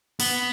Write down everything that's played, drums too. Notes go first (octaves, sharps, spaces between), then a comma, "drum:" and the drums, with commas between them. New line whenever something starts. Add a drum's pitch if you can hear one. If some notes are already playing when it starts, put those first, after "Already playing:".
B3, drum: open hi-hat